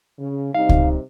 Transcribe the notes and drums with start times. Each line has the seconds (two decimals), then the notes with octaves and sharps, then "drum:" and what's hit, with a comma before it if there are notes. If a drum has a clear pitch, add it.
0.18 C#3
0.54 C3 G3 D#4 F5
0.69 drum: kick C#2